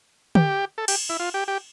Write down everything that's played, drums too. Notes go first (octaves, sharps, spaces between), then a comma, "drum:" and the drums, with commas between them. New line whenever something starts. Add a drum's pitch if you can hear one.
G4, drum: tom D3
A4
G4, drum: cymbal
E4
F4
G4
G4